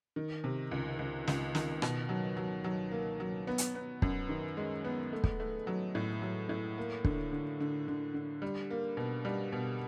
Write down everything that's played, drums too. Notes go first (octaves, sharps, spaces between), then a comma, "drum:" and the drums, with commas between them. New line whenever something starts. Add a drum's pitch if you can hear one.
D#3
C3
C#2
C#2
C#2, drum: snare
D#3, drum: snare
B2, drum: rim click
F#3
F#3
F#3
A#3
F#3
B3
drum: hi-hat
B3
F#2, drum: kick
D#3
G#3
B3
A3
drum: kick
A3
F#3
A2
F#3
A2
A#3
D3, drum: kick
D3
D3
D3
D3
G3
A#3
B2
G3
B2